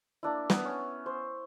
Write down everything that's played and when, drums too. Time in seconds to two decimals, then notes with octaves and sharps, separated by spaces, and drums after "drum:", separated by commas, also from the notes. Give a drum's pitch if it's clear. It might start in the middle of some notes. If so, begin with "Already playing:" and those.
0.23 A#3 D4 E4
0.50 B3, drum: snare
0.65 C#4
1.06 C5